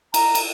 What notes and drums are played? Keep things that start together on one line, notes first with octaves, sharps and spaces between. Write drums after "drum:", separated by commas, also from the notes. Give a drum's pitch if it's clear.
A#5, drum: cymbal
drum: cymbal